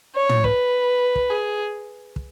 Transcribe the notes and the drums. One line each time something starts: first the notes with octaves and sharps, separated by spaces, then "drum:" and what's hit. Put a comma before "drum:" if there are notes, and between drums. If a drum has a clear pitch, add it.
C#5
drum: tom
B4, drum: kick
drum: kick
G#4
drum: kick